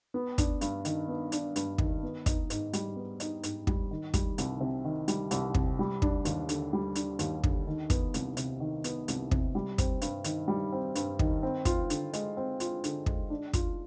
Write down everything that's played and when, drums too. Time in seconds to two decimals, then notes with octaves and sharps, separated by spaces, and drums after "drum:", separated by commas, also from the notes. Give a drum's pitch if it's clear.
0.14 B3
0.38 D4, drum: kick, hi-hat
0.61 G2, drum: hi-hat
0.85 D#3, drum: hi-hat
1.08 B3
1.32 D4, drum: hi-hat
1.56 G2, drum: hi-hat
1.78 D#3, drum: kick
2.03 B3
2.26 D#4, drum: kick, hi-hat
2.50 G#2, drum: hi-hat
2.73 G3, drum: hi-hat
2.96 B3
3.20 D#4, drum: hi-hat
3.43 G#2, drum: hi-hat
3.67 G3, drum: kick
3.91 D#3
4.14 G3, drum: kick, hi-hat
4.38 C2, drum: hi-hat
4.61 C3
4.85 D#3
5.08 G3, drum: hi-hat
5.31 C2, drum: hi-hat
5.54 C3, drum: kick
5.79 G3
6.02 D4, drum: kick
6.25 D#2, drum: hi-hat
6.49 D3, drum: hi-hat
6.73 G3
6.95 D4, drum: hi-hat
7.19 D#2, drum: hi-hat
7.44 D3, drum: kick
7.67 D#3
7.90 B3, drum: kick, hi-hat
8.14 C2, drum: hi-hat
8.37 C3, drum: hi-hat
8.60 D#3
8.84 B3, drum: hi-hat
9.08 C2, drum: hi-hat
9.31 C3, drum: kick
9.55 G3
9.78 C4, drum: kick, hi-hat
10.02 G2, drum: hi-hat
10.24 D#3, drum: hi-hat
10.48 G3
10.73 C4
10.95 G2, drum: hi-hat
11.19 D#3, drum: kick
11.43 C4
11.65 F4, drum: kick, hi-hat
11.90 D3, drum: hi-hat
12.13 G#3, drum: hi-hat
12.37 C4
12.60 F4, drum: hi-hat
12.84 D3, drum: hi-hat
13.06 G#3, drum: kick
13.30 D4
13.53 F4, drum: kick, hi-hat